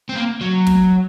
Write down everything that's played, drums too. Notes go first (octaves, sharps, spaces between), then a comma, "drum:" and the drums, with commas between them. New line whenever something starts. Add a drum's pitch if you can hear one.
C4
A#3
F#3
drum: snare